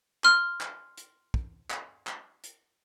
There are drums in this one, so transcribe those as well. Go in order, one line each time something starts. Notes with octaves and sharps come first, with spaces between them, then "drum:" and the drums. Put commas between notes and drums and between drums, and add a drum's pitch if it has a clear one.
C6 F6, drum: clap
drum: clap
drum: hi-hat
drum: kick
drum: clap
drum: clap
drum: hi-hat